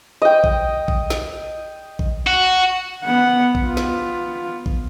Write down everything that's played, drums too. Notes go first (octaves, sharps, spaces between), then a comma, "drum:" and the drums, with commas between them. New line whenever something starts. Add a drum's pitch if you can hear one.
D#5 G5
drum: kick A#1
drum: kick A#1
drum: snare
drum: kick A#1
F#4
B3 F#5
drum: kick A#1
B3 F4
drum: snare
drum: kick A#1